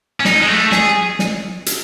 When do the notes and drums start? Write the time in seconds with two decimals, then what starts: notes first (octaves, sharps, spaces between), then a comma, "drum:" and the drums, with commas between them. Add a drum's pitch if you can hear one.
0.20 C#4
0.25 D#4, drum: snare
0.40 G#3
0.48 A3
0.72 G#4, drum: snare
1.19 drum: snare
1.66 drum: hi-hat